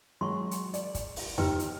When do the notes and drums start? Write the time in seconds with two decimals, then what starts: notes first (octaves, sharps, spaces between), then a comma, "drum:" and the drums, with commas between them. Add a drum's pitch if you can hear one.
0.21 F#3 G#3 C6 C#6
0.51 drum: hi-hat
0.74 D5, drum: hi-hat
0.95 drum: kick, hi-hat
1.16 drum: open hi-hat
1.38 D#4 G4 B4 G5 F6, drum: tom E2
1.59 drum: hi-hat